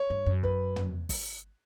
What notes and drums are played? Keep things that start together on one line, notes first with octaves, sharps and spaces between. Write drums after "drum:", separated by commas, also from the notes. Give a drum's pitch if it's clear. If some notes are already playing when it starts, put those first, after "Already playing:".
Already playing: C#5
G2
F#2
B4, drum: kick
drum: tom
drum: kick, open hi-hat